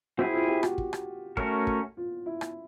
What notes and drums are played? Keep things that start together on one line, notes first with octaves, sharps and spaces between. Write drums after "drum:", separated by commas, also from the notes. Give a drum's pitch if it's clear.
C4 E4 F#4 G#4
F4
G4
F#4, drum: rim click
drum: kick
drum: rim click
A3 C#4 F#4 A#4 C#5, drum: kick
drum: kick
F4
E4
drum: rim click